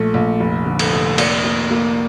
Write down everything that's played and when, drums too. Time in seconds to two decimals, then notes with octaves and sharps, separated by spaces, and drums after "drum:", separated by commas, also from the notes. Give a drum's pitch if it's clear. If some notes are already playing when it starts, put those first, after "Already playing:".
Already playing: A#1 A3
0.14 A#1
0.40 F1
0.66 D3
0.79 A4, drum: cymbal
0.92 F1
1.18 A#3 D5, drum: cymbal
1.44 A#3
1.71 A#3